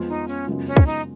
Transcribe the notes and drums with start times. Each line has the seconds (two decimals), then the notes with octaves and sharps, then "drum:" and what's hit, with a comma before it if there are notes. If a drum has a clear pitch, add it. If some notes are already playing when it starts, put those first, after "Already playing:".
Already playing: F2 F3 G#3 B3 F4
0.08 D#4
0.28 C#4
0.47 F#2 C#3 G#3 B3 F4
0.67 C#4
0.77 drum: kick
0.87 D#4